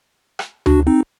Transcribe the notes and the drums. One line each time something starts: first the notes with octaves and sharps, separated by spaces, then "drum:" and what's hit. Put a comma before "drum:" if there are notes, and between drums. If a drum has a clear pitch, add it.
drum: rim click
D4 F#4, drum: tom D2
C4 D#4